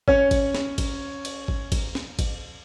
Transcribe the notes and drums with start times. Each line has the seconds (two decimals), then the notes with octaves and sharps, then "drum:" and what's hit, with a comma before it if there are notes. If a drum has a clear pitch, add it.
0.08 C#4 C#5, drum: kick G#1
0.31 drum: kick G#1, cymbal
0.55 drum: snare C4
0.78 drum: kick G#1, cymbal
1.25 drum: cymbal
1.48 drum: kick G#1
1.72 drum: kick G#1, cymbal
1.95 drum: snare C4
2.19 drum: kick G#1, cymbal